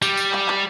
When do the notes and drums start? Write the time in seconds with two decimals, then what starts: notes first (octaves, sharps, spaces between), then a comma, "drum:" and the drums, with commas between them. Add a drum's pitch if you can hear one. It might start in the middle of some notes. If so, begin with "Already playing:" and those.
0.02 G3, drum: tambourine
0.17 drum: tambourine
0.33 drum: clap
0.48 drum: clap